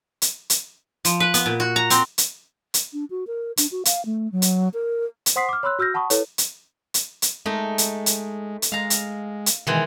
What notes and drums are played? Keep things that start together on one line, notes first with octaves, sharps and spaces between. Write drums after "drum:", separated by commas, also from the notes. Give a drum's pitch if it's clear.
drum: hi-hat
drum: hi-hat
F3, drum: hi-hat
B4
B3, drum: hi-hat
A#2
F#4
A#5
C4, drum: hi-hat
drum: hi-hat
drum: hi-hat
D4
F#4
A#4
D4, drum: hi-hat
F#4
F5, drum: hi-hat
A3
F#3
drum: hi-hat
A#4
drum: hi-hat
C5 F#5 C6 D#6 B6 C7
D6 F6
C#5 B5 C6 E6 F#6
F#4 E6 F6 G6 A#6
F#5 A5 B5 C#6 D#6
E4 A4 B4 C#5, drum: hi-hat
drum: hi-hat
drum: hi-hat
drum: hi-hat
G#3 A3 D#4
drum: hi-hat
drum: hi-hat
drum: hi-hat
G#3 F5 A#5
drum: hi-hat
drum: hi-hat
B2 D#3 E3 G#3